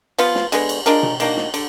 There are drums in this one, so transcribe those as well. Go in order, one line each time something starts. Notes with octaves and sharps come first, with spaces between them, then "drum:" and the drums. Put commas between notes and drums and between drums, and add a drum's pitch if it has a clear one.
F3 B3 F4, drum: cymbal
drum: snare
D3 G#3 B3, drum: cymbal
drum: cymbal
G#3 D4 F4 A#4, drum: cymbal
drum: tom B2
D#3 A#3 D4 F#4, drum: cymbal
drum: snare
D3, drum: cymbal